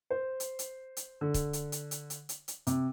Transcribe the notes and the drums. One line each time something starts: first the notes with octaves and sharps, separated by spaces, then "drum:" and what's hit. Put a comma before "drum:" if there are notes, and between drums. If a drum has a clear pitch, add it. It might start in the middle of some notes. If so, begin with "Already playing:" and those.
C5
drum: hi-hat
drum: hi-hat
drum: hi-hat
D3
drum: kick, hi-hat
drum: hi-hat
drum: hi-hat
drum: hi-hat
drum: hi-hat
drum: hi-hat
drum: hi-hat
C3, drum: hi-hat